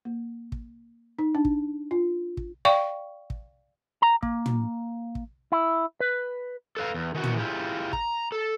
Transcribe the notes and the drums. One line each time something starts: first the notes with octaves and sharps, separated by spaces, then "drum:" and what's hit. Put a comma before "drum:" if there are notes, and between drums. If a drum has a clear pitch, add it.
A#3
drum: kick
D#4
D4
drum: kick
F4
drum: kick
D5 F5 G5 C#6
drum: kick
A#5
A#3, drum: kick
drum: tom
drum: kick
E4
B4
A4 B4 F5
E2
D#3 E3 F#4
drum: tom
E4 F4 G4 G#4
A#5, drum: kick
A4